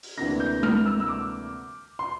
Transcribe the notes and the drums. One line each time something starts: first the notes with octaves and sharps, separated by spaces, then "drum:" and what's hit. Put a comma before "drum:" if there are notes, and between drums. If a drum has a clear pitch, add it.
drum: open hi-hat
D2 C3 E3 A#3 D4 A#6
G6
F6, drum: tom G#3
E6
E6
D6
C6